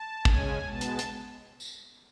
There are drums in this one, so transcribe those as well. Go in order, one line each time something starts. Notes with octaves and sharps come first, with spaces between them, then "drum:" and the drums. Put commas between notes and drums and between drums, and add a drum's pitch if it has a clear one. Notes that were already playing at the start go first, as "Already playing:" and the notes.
Already playing: A5
C#3 G#3 C#4 G#5, drum: kick
B2 G#3 B3 A5
drum: hi-hat
drum: hi-hat
drum: tambourine